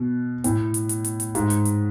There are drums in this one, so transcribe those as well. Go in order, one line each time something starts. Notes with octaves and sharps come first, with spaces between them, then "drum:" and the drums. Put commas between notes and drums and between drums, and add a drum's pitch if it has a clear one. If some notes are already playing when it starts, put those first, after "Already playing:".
Already playing: B2
A2, drum: hi-hat
drum: hi-hat
drum: hi-hat
drum: hi-hat
drum: hi-hat
G#2, drum: hi-hat
drum: hi-hat
drum: hi-hat